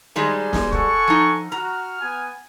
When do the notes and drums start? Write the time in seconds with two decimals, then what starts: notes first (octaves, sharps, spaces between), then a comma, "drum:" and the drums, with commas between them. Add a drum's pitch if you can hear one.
0.16 D#3 G3 G#3 C5 G#5
0.53 drum: snare
0.72 A4 F#5 G#5 C#6, drum: kick
1.08 F3 D#4
1.52 F#4 A#5 F6
2.00 B3 G#5